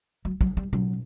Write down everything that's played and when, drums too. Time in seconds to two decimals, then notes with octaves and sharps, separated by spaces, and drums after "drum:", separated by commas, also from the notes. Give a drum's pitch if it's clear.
0.25 F#3
0.41 F#3, drum: kick
0.57 G3
0.73 F#3, drum: tom B2